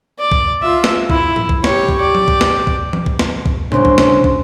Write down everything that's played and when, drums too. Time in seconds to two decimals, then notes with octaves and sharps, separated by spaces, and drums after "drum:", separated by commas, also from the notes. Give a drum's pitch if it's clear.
0.19 D5
0.32 drum: kick
0.63 F4 E5
0.84 drum: snare
1.10 E4, drum: kick
1.36 drum: tom A2
1.49 drum: kick
1.64 G4 C#5, drum: snare
1.89 drum: kick
1.99 G4 D5
2.15 drum: tom
2.28 drum: kick
2.41 drum: snare
2.67 drum: kick
2.93 drum: tom E3
3.06 drum: kick
3.19 drum: snare
3.46 drum: kick
3.72 C2 F#2 C#3 C#4 D4 C5 C6, drum: tom A2
3.85 drum: kick
3.98 drum: snare
4.24 drum: kick